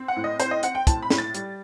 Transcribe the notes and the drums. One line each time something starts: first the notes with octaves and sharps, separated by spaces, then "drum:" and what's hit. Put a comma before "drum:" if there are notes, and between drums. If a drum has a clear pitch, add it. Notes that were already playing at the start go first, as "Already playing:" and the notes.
Already playing: C4
F#5
A2
D#5
C4 C5, drum: hi-hat
D#5
C4 F#5, drum: hi-hat
G5
A2 A5, drum: kick, hi-hat
B5
A2, drum: snare
A6
G3, drum: hi-hat